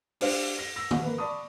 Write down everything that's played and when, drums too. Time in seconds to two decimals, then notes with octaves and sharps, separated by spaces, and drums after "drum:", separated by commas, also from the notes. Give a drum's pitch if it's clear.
0.21 D4 G4 C5 F5, drum: open hi-hat
0.59 A#6
0.76 E6 A#6
0.91 drum: tom
1.02 A#3 B4
1.18 D5 A5 B5 C#6 D#6